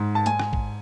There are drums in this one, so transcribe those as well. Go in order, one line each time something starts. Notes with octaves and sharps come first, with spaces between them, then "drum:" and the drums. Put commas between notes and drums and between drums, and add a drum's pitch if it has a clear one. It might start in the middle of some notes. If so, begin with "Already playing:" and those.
Already playing: G#2
A5
G#2 G#5, drum: hi-hat
drum: rim click
drum: kick